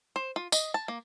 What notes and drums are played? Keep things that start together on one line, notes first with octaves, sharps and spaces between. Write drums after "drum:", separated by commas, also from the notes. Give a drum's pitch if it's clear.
C5
F4
D#5, drum: tambourine
A5
A#3